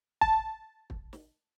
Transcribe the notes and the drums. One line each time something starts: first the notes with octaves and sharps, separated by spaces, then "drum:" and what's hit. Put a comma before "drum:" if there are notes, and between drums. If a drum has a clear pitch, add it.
A5, drum: kick
drum: kick
drum: snare